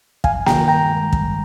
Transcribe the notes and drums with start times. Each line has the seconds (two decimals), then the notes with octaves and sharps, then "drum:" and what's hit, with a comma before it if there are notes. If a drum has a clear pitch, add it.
0.24 G2 F5 G#5, drum: kick
0.46 D#3 G5 A#5, drum: snare A#3
0.68 G2 G5 A#5
0.90 G#3
1.13 G2, drum: kick